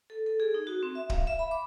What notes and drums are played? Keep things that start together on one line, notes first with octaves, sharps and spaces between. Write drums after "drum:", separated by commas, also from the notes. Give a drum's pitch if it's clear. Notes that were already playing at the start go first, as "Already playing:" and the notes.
A4
A4
G#4
D#4
F#4
C4
E5
F5, drum: kick
E5
B5
D6